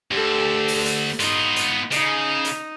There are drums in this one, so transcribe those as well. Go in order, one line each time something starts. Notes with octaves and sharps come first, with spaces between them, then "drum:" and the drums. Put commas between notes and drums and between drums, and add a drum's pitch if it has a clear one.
D2 G4 A4
drum: open hi-hat
drum: hi-hat
B3 D#4 F4, drum: hi-hat
drum: hi-hat
C#3 D#4, drum: hi-hat
drum: hi-hat